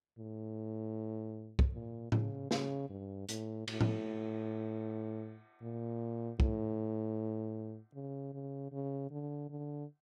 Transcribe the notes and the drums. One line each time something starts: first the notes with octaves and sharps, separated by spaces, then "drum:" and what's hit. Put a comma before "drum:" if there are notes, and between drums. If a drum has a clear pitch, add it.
A2
drum: kick
A#2
C#3, drum: tom A2
C#3, drum: snare
G2
A2, drum: hi-hat
A2, drum: cymbal
drum: tom A2
A#2
A2, drum: kick
C#3
C#3
C#3
D3
D3